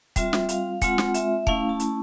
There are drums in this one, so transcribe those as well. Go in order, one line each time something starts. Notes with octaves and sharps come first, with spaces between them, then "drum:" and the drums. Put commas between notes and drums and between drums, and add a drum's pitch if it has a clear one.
G3 C4 F4 E5, drum: kick, hi-hat
drum: snare
F5, drum: hi-hat
G#3 C4 F4 F#5, drum: kick, hi-hat
drum: snare
E5, drum: hi-hat
A3 C#4 E4 F5, drum: kick
A5
drum: hi-hat